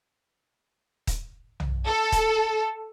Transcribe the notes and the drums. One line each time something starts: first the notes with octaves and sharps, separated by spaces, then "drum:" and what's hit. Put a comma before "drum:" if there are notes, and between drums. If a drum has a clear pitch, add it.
drum: kick D#1, hi-hat
drum: tom
A4
drum: kick D#1, hi-hat